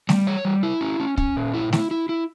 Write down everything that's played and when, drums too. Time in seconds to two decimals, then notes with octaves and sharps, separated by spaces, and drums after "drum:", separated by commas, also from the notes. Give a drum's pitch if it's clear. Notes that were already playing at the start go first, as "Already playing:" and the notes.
0.09 G3, drum: snare A3
0.27 C#5
0.45 G3
0.63 E4
0.81 C#4
1.00 C#4
1.17 C#4, drum: kick
1.36 A#2
1.54 E4
1.73 E4, drum: snare A3
1.91 E4
2.09 E4